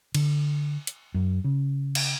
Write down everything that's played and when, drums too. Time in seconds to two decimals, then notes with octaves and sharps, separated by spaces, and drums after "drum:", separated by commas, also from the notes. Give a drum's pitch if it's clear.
0.15 D3, drum: cymbal
0.87 drum: hi-hat
1.14 F#2
1.44 C#3
1.95 drum: cymbal